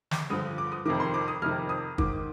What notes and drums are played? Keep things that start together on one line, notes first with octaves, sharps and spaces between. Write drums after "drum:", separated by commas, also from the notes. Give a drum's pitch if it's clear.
D6, drum: snare
G2 D3 F3 D#6
D6
D#6
F2 C3 D#3 D6
C6
D6
D#6
F2 C3 D#3 F6
D#6
G#2 D#3 D6, drum: kick